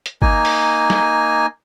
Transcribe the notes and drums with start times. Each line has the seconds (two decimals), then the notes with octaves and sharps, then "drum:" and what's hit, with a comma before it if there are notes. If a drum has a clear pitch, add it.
0.06 drum: hi-hat
0.22 A#3 D#4 G#5, drum: kick G1
0.45 drum: open hi-hat
0.90 drum: snare